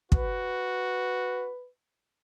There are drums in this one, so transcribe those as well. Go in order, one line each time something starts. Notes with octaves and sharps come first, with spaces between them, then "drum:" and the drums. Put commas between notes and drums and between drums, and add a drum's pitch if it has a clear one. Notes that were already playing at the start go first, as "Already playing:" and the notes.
F#4 B4, drum: kick